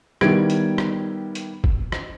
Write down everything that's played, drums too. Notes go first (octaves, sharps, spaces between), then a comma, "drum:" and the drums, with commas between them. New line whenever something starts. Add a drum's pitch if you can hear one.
D#3 G3 B3 E4 G#6 D7, drum: rim click
drum: hi-hat
drum: rim click
drum: hi-hat
drum: kick
drum: rim click